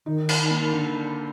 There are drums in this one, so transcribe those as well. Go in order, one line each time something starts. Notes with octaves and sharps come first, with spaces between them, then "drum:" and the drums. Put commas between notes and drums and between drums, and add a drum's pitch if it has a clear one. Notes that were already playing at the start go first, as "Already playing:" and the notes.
D#3 D#4
D#4, drum: cymbal
A#3
D3